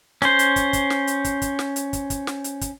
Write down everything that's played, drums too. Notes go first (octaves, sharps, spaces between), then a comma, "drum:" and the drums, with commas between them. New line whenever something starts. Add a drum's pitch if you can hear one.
C#4 C5, drum: snare
drum: hi-hat
drum: kick, hi-hat
drum: kick, hi-hat
drum: snare
drum: hi-hat
drum: kick, hi-hat
drum: kick, hi-hat
drum: snare
drum: hi-hat
drum: kick, hi-hat
drum: kick, hi-hat
drum: snare
drum: hi-hat
drum: kick, hi-hat